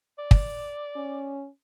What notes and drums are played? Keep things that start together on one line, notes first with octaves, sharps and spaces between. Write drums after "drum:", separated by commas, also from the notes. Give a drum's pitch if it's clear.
D5
drum: kick
C#4